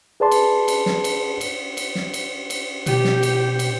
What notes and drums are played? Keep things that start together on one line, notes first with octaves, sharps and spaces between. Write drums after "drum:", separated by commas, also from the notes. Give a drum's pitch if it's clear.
G#4 B4 D5 A5 C6
drum: cymbal
drum: cymbal
drum: snare
drum: cymbal
drum: cymbal
drum: cymbal
drum: snare
drum: cymbal
drum: cymbal
B2 G4, drum: cymbal
drum: snare
drum: cymbal
drum: cymbal